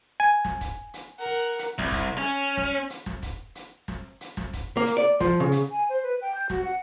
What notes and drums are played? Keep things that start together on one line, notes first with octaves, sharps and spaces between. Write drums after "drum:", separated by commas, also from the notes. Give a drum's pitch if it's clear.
G#5
drum: snare
drum: kick, hi-hat
drum: hi-hat
A#4 F#5
drum: hi-hat
C2, drum: snare
drum: kick, hi-hat
C#4
drum: snare
drum: hi-hat
drum: snare
drum: kick, hi-hat
drum: hi-hat
drum: snare
drum: hi-hat
drum: snare
drum: kick, hi-hat
A#3
drum: hi-hat
D5
F3, drum: snare
C#3
drum: hi-hat
G#5
C5
B4
G5
G6
F#4, drum: snare
F#5